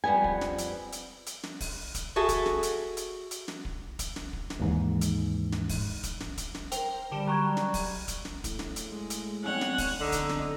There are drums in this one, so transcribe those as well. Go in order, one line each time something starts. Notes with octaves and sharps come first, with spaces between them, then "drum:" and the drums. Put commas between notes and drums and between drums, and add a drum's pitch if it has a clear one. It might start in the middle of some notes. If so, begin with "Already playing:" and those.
F2 G3 B3 G#5
drum: kick
drum: snare
drum: hi-hat
drum: hi-hat
drum: hi-hat
drum: snare
drum: kick, open hi-hat
drum: kick, hi-hat
F#4 G#4 A4 E5
drum: kick, hi-hat
drum: snare
drum: hi-hat
drum: hi-hat
drum: hi-hat
drum: snare
drum: kick
drum: kick, hi-hat
drum: snare
drum: kick
drum: snare
D#2 G#2 E3
drum: hi-hat
drum: snare
drum: kick, open hi-hat
drum: kick, hi-hat
drum: snare
drum: kick, hi-hat
drum: snare
A#4 C5 G5, drum: hi-hat
D3 G3 G4 E7
F#3 A#5 C#6 G#6
drum: snare
drum: kick, open hi-hat
drum: kick, hi-hat
drum: snare
A2, drum: kick, hi-hat
drum: snare
drum: hi-hat
G#3
drum: hi-hat
F#3 B3 C4 C#5 F#5
drum: snare
drum: kick, open hi-hat
D3 D#4
drum: kick, hi-hat
drum: snare